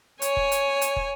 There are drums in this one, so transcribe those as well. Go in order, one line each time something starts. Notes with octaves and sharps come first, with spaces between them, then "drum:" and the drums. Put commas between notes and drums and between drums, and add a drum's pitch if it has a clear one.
C#5 G#5, drum: hi-hat
drum: kick
drum: hi-hat
drum: hi-hat
drum: kick